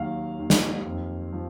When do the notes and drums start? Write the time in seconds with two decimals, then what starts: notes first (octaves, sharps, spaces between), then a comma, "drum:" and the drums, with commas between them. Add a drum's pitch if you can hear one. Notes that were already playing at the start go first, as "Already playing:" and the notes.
Already playing: D#2 D#3 F#3 F5 F#5
0.39 D#2
0.50 drum: snare
0.85 F2
1.33 F3